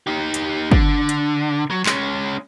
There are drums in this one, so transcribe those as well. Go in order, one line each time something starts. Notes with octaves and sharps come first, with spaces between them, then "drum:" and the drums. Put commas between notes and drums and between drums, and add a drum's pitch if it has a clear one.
D#4 G4
drum: hi-hat
D3, drum: kick
drum: hi-hat
F#3
G#3 C#4, drum: clap